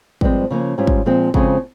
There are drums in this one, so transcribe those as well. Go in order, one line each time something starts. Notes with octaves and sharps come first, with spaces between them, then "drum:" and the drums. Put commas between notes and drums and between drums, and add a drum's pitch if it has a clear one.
G2 F3 G#3 C4, drum: kick
C#3 F3 A#3 C#4
G#2 G3 C#4 F4
drum: kick
A#2 F3 G#3 C4
F2 C#3 F3 G#3 C4, drum: kick